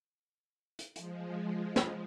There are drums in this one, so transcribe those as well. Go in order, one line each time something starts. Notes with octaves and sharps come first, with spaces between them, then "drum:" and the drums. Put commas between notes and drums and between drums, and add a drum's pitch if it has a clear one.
drum: hi-hat
F3 G#3, drum: hi-hat
drum: snare